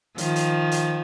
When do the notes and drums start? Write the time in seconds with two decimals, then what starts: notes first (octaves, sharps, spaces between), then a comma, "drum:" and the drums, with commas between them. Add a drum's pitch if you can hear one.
0.18 D#3 F3, drum: hi-hat
0.36 drum: hi-hat
0.72 drum: hi-hat